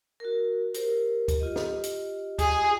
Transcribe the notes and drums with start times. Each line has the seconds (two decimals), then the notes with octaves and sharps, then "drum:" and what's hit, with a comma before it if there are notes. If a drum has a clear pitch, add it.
0.20 F#4 A#4
0.74 G4 A#4 C5, drum: hi-hat
1.28 drum: kick D2, hi-hat
1.40 F4 G4 D#5
1.56 drum: snare
1.83 drum: hi-hat
2.39 G#4, drum: kick D2, hi-hat